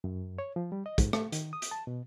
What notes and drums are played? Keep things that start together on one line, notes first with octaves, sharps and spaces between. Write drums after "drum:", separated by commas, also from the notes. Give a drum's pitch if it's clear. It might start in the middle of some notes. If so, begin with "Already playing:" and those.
F#2
C#5
F3
G3
D#5
G#2, drum: kick, hi-hat
A3, drum: rim click
D#3, drum: hi-hat
D#6
drum: hi-hat
A5
B2